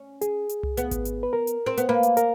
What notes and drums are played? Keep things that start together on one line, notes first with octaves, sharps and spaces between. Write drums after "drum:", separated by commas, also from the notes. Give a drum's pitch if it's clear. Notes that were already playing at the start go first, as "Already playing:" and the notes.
Already playing: C#4
G#4, drum: hi-hat
drum: hi-hat
drum: tom C2
B3, drum: hi-hat
drum: kick G#1, hi-hat
drum: hi-hat
B4
A#4
drum: hi-hat
C4
B3, drum: hi-hat
A#3 B4
drum: hi-hat
A#4, drum: hi-hat